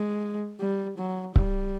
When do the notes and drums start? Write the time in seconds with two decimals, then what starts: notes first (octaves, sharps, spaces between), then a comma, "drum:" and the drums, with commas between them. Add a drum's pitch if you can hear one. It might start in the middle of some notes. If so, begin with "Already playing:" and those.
Already playing: G#3
0.60 G3
0.98 F#3
1.36 G3, drum: kick C#1